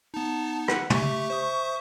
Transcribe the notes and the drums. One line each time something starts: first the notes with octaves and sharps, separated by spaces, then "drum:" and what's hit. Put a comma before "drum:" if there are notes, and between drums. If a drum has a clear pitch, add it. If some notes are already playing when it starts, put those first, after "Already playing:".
B3 D#4 A5
F#5, drum: rim click
A3 G4 E5 C#6, drum: tom
C5 E5 D#6